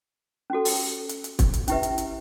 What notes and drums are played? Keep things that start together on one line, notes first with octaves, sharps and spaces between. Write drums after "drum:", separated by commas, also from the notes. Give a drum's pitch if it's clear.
C#4 F#4 A4
drum: open hi-hat
drum: hi-hat
drum: hi-hat
drum: kick, hi-hat
drum: hi-hat
C#4 E4 G4 B4 E5, drum: hi-hat
drum: hi-hat
drum: hi-hat